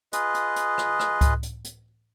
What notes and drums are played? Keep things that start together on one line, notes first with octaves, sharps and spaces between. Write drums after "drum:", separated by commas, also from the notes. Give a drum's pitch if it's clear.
F4 G#4 B4 D#5, drum: hi-hat
drum: hi-hat
drum: hi-hat
drum: rim click
drum: rim click
drum: kick C#2, hi-hat
drum: hi-hat
drum: hi-hat